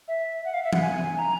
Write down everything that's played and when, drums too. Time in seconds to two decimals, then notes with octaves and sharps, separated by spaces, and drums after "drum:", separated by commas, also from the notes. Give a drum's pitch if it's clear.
0.08 E5
0.45 F#5
0.54 F5
0.64 E5
0.73 F#5, drum: tom E3
0.82 G#5
1.19 A#5